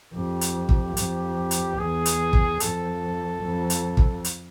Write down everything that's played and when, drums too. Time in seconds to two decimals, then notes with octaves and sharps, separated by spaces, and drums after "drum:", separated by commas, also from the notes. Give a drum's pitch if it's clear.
0.14 F2 G4
0.41 drum: hi-hat
0.69 drum: kick
0.97 F2, drum: hi-hat
1.51 drum: hi-hat
1.78 E2 G#4
2.06 drum: hi-hat
2.33 drum: kick
2.60 F2 A4, drum: hi-hat
3.43 F2
3.70 drum: hi-hat
3.97 drum: kick
4.24 drum: hi-hat